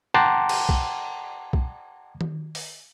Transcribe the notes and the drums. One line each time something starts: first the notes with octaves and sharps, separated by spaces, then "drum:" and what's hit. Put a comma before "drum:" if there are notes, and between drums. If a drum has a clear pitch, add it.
F#5 G5 A5 A#5 C6 D6
drum: cymbal
drum: kick
drum: kick
drum: tom D#3
drum: open hi-hat